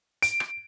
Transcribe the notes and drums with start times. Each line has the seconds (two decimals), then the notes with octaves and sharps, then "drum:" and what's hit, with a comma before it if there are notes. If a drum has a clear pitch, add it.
0.23 D7, drum: hi-hat
0.40 drum: rim click